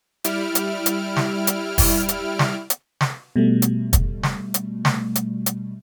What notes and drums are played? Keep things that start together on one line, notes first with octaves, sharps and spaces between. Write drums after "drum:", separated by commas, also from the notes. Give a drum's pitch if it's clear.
G3 E4 F6 D7, drum: hi-hat
drum: hi-hat
drum: hi-hat
drum: snare
drum: hi-hat
drum: kick, open hi-hat
drum: hi-hat
drum: snare
drum: hi-hat
drum: snare
B2 G3 A3
drum: hi-hat
drum: kick, hi-hat
drum: snare
drum: hi-hat
drum: snare
drum: hi-hat
drum: hi-hat